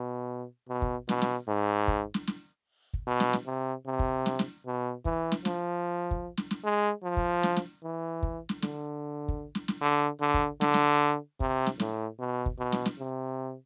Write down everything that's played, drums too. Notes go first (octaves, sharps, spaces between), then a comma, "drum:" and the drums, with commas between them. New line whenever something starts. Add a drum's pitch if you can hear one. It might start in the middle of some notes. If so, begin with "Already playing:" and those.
Already playing: B2
B2
drum: kick
B2, drum: snare
drum: snare
G#2
drum: kick
drum: snare
drum: snare
drum: kick
B2
drum: snare
drum: snare
C3
C3
drum: kick
drum: snare
drum: snare
B2
E3, drum: kick
drum: snare
F3, drum: snare
drum: kick
drum: snare
drum: snare
G#3
F3
drum: kick
drum: snare
drum: snare
E3
drum: kick
drum: snare
D3, drum: snare
drum: kick
drum: snare
drum: snare
D3
D3
drum: kick
D3, drum: snare
drum: snare
C3, drum: kick
drum: snare
A2, drum: snare
B2
drum: kick
B2
drum: snare
drum: snare
C3